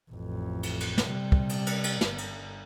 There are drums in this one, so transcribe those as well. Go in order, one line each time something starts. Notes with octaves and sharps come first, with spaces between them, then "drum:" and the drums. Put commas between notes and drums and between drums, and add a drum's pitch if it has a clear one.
A1 F2
drum: cymbal
drum: cymbal
drum: snare
C3 G3
drum: kick
drum: cymbal
drum: cymbal
drum: cymbal
G1, drum: snare
drum: cymbal